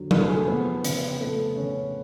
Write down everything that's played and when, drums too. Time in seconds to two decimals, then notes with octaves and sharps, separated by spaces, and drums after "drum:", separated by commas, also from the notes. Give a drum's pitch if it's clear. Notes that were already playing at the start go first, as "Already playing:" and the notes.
Already playing: F2 D3 F#3
0.11 F1 B4, drum: tom F#3
0.19 A4
0.28 G#4
0.36 A3 A4
0.47 F3 B3 B4
0.85 C#3, drum: hi-hat
1.20 C#3 A3 A4
1.57 C#3 C#4 C#5